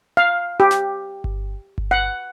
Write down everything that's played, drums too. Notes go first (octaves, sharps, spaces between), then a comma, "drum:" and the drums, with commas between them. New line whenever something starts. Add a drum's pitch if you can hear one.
F5
G4
drum: snare
drum: kick G1
drum: kick G1
F#5